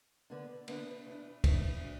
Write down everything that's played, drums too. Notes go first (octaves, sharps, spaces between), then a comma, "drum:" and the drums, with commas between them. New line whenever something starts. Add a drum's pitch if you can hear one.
D3 B3 D4
D3 B3 D4, drum: cymbal
E2 E3 D4
E2 E3 D4, drum: kick, cymbal
F#3 D4